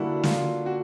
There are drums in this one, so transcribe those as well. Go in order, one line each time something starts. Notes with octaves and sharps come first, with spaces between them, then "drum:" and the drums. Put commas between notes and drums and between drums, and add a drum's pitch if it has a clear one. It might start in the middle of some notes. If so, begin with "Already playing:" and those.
Already playing: D3 G3 A#3 D4 E4 F#4
F4, drum: snare
F#4